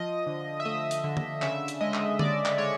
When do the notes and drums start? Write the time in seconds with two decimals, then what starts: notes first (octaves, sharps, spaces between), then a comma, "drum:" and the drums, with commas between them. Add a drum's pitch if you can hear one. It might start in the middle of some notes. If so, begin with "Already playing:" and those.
Already playing: F3 D#5
0.27 D3
0.60 E5
0.65 A3 D#5
0.91 drum: hi-hat
1.04 D3
1.17 drum: tom D3
1.42 C#3 E5, drum: clap
1.68 drum: hi-hat
1.81 G#3 D#5
1.94 drum: clap
2.19 G#3 D5, drum: tom D3
2.45 drum: clap
2.58 G#3 C#5